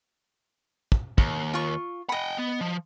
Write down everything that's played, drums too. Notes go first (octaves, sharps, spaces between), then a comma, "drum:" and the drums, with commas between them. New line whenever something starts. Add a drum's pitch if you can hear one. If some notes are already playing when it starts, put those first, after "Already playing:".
drum: kick
D#2, drum: kick
F4 C#6
D#5 F#5 G5 B5
B3
F3